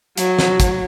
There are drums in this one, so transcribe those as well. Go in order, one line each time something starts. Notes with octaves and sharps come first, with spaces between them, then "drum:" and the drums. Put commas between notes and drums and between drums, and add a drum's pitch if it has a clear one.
F#3, drum: hi-hat
drum: snare
drum: kick, hi-hat